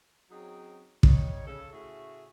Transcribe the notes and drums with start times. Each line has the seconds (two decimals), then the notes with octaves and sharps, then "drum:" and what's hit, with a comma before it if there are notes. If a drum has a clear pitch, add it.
0.30 F#3 C4 C#4 D#4 G#4
1.03 G3 D#4 C#5, drum: kick
1.46 C#3 A4
1.72 A2 C#3 A3 F#4 G#4 E5